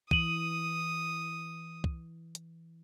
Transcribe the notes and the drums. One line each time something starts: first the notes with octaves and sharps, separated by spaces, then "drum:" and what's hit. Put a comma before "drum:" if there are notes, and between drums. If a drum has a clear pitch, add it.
E3 D#6 D#7 F#7, drum: kick
drum: kick
drum: hi-hat